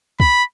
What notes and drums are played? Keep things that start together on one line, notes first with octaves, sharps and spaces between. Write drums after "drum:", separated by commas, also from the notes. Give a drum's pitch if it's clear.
B5, drum: kick